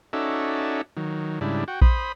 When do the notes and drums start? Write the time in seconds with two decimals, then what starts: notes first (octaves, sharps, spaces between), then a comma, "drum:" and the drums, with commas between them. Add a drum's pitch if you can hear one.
0.13 C#4 D#4 F#4 A4 D5 E5
0.97 D#3 F#3
1.41 G#2 C#3 G3 D4 E4
1.68 F#4 G5
1.82 C5 B5 D#6, drum: kick A#1